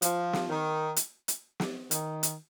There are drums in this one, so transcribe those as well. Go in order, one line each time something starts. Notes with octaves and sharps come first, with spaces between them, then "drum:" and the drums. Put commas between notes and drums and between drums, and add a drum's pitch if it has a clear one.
F3, drum: hi-hat
drum: snare
D#3
drum: hi-hat
drum: hi-hat
drum: snare
D#3, drum: hi-hat
drum: hi-hat